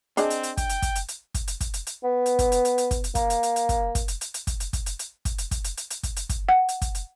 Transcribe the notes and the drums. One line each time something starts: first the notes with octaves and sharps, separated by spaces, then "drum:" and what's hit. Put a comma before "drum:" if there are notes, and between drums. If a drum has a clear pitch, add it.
C4 D4 G#4 D#5, drum: hi-hat
drum: hi-hat
drum: hi-hat
G5, drum: kick, hi-hat
drum: hi-hat
drum: kick, hi-hat
drum: hi-hat
drum: hi-hat
drum: kick, hi-hat
drum: hi-hat
drum: kick, hi-hat
drum: hi-hat
drum: hi-hat
B3
drum: hi-hat
drum: kick, hi-hat
drum: hi-hat
drum: hi-hat
drum: hi-hat
drum: kick, hi-hat
drum: hi-hat
A#3, drum: kick, hi-hat
drum: hi-hat
drum: hi-hat
drum: hi-hat
drum: kick, hi-hat
drum: kick, hi-hat
drum: hi-hat
drum: hi-hat
drum: hi-hat
drum: kick, hi-hat
drum: hi-hat
drum: kick, hi-hat
drum: hi-hat
drum: hi-hat
drum: kick, hi-hat
drum: hi-hat
drum: kick, hi-hat
drum: hi-hat
drum: hi-hat
drum: hi-hat
drum: kick, hi-hat
drum: hi-hat
drum: kick, hi-hat
F#5
drum: hi-hat
drum: kick, hi-hat
drum: hi-hat